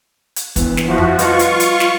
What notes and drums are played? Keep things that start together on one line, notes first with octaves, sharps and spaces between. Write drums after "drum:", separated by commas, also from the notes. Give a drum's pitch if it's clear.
drum: hi-hat
G2 E3 B3, drum: kick, hi-hat
drum: snare
F3 E4 F#4
drum: tom F2
G3 F4 B4 D#5 C#6, drum: hi-hat
drum: hi-hat
drum: hi-hat
drum: snare